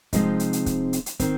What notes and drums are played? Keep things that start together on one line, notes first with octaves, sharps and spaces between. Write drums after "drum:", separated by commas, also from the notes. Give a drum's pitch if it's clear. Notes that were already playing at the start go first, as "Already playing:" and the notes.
C3 F3 G#3 C4 D#4, drum: kick, hi-hat
drum: hi-hat
drum: hi-hat
drum: kick, hi-hat
drum: hi-hat
drum: hi-hat
D#3 C4, drum: kick, hi-hat